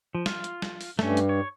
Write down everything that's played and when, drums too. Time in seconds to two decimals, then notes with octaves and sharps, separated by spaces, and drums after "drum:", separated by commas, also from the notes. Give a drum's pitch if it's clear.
0.15 F3
0.26 F4, drum: snare
0.44 drum: hi-hat
0.62 drum: snare
0.81 drum: open hi-hat
0.99 G2 A3 C#4, drum: snare
1.17 drum: hi-hat
1.29 C#5